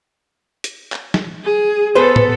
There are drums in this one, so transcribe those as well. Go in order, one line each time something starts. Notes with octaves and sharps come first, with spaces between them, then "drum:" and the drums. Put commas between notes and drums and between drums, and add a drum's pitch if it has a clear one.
drum: hi-hat
drum: clap
drum: snare
G#4
B3 G#4 A4 B4 C5
drum: tom